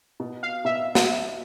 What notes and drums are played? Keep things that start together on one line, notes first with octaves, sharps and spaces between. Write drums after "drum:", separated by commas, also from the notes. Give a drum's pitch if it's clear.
B2
F5
B2 E5
drum: snare